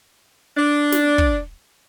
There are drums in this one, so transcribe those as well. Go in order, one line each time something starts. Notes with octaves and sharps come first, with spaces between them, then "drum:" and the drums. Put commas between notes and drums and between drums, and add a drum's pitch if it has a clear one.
D4
drum: snare
drum: kick